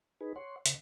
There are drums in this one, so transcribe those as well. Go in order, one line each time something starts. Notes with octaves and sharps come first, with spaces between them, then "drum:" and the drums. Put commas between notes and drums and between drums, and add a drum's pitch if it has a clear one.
D#4 G#4 B4
C#5 F#5 C6
C#3, drum: hi-hat